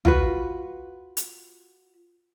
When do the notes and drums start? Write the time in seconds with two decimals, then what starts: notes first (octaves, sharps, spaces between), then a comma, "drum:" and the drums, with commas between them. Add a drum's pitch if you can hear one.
0.05 F4 F#4 B4, drum: tom
1.17 drum: hi-hat